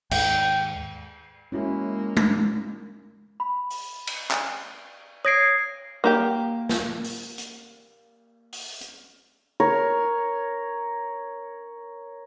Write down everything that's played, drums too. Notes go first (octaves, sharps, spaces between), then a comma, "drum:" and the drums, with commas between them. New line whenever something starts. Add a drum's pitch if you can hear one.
D#2 G#2 G5, drum: cymbal
G#3 A#3 C#4 E4 F#4
drum: tom G#3
B5
drum: open hi-hat
drum: cymbal
drum: clap
C#5 D#6 G#6 A#6 C7 D7
A#3 G4 G5
drum: snare
drum: open hi-hat
drum: hi-hat
drum: open hi-hat
drum: hi-hat
A#4 C#5